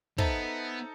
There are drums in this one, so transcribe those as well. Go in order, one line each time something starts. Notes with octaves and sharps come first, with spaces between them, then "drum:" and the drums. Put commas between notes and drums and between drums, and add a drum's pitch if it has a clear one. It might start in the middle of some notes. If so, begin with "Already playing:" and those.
B3 D#4 A4 C5 E5 A#5, drum: kick